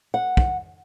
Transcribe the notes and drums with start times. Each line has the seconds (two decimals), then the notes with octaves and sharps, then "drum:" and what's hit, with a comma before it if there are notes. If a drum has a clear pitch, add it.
0.14 F#5
0.37 drum: kick